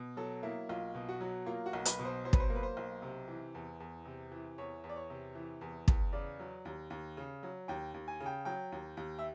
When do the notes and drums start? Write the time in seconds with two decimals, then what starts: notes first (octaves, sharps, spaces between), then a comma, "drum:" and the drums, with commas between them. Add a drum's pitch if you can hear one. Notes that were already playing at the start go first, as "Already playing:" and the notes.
Already playing: B2
0.17 F#3 A4
0.43 A#3 E4
0.69 B1 F4
0.94 B2
1.09 F#4
1.20 F#3
1.46 A#3 F4
1.66 F#4
1.73 B1
1.85 B4, drum: hi-hat
1.99 B2
2.05 C5
2.25 F#3 C5
2.33 B4, drum: kick
2.40 C5
2.50 A#3
2.55 B4
2.63 C5
2.77 B1
3.02 C3
3.28 E3
3.55 E2
3.80 E2
4.05 C3
4.32 E3
4.58 E2 C#5
4.84 E2
4.89 D5
4.96 C#5
5.10 C3
5.35 E3
5.61 E2
5.88 E2, drum: kick
6.13 C#3 D5
6.39 F#3
6.65 D#2
6.90 D#2
7.17 C#3
7.43 F#3
7.68 D#2 G5
7.94 D#2
8.08 G#5
8.20 C#3
8.26 G5
8.45 F#3 G5
8.72 D#2
8.97 D#2
9.19 E5